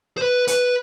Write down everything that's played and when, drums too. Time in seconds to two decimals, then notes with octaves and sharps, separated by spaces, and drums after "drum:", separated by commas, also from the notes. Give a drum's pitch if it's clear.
0.17 C5
0.22 B4
0.48 B4, drum: hi-hat